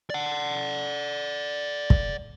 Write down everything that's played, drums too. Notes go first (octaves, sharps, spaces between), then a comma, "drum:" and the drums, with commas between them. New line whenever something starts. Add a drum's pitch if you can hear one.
D5 F#5
drum: kick